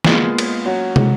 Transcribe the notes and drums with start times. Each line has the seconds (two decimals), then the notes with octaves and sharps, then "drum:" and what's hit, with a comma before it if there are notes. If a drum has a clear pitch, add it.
0.05 G#3 A#3 B3 F4 G#4, drum: snare
0.38 drum: cymbal
0.65 F#3 C#4 F#4 C#5
0.96 G#3, drum: tom